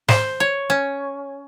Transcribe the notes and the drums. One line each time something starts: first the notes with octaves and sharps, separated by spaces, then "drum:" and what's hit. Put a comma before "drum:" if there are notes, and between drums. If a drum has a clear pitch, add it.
C5, drum: snare
C#5
C#4